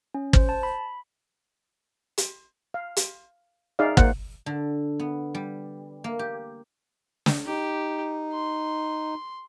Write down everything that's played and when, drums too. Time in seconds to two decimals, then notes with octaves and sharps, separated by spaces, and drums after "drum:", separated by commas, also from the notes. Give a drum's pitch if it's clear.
0.14 C#4
0.33 C5, drum: kick
0.49 A5
0.63 B5
2.18 drum: hi-hat
2.74 F5
2.97 drum: hi-hat
3.79 D#4 G#4 D5 E5 F5
3.97 A#3 C5 F#5, drum: kick
4.46 D3
5.00 B3
5.35 G3
6.04 A#3
6.19 G4
7.26 drum: snare
7.46 D#4 G4
8.32 C6